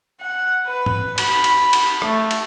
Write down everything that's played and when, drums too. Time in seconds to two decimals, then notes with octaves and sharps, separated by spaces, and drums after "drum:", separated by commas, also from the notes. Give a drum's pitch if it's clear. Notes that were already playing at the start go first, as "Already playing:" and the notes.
0.21 F#5
0.66 B4
0.86 drum: tom G#2
1.18 B5, drum: cymbal
1.44 drum: cymbal
1.73 drum: cymbal
2.02 A3, drum: rim click
2.31 drum: cymbal